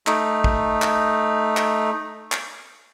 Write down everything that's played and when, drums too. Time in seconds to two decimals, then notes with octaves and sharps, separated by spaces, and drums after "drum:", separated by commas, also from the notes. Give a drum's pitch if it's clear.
0.07 A3 D#4, drum: clap
0.44 drum: kick
0.82 drum: clap
1.57 drum: clap
2.32 drum: clap